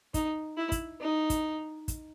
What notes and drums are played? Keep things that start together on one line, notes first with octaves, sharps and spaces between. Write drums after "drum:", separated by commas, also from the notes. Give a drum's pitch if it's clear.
D#4, drum: kick, hi-hat
E4
drum: kick, hi-hat
D#4
drum: kick, hi-hat
drum: kick, hi-hat